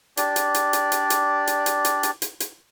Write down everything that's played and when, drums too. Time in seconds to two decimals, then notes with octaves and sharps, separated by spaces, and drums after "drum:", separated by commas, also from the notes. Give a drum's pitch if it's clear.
0.17 D4 G4 D5, drum: hi-hat
0.36 drum: hi-hat
0.54 drum: hi-hat
0.73 drum: hi-hat
0.92 drum: hi-hat
1.10 drum: hi-hat
1.47 drum: hi-hat
1.66 drum: hi-hat
1.85 drum: hi-hat
2.03 drum: hi-hat
2.22 drum: hi-hat
2.40 drum: hi-hat